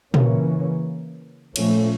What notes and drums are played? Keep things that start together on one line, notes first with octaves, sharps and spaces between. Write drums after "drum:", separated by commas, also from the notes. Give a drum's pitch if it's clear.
C#3 E3 A#3 C#4, drum: tom
A#2 F3 A3 C#4, drum: cymbal